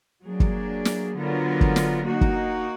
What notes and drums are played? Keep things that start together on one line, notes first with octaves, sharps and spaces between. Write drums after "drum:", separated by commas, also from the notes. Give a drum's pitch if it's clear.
F#3 A#3 D4 G#4
drum: kick
drum: snare
D3 F#3 B3 F4 A#4
drum: kick
drum: snare
A#3 D#4 F#4
drum: kick